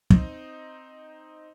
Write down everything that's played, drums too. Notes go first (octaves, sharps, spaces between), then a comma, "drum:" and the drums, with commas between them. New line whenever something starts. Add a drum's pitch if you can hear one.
C4 D#4 D#5, drum: kick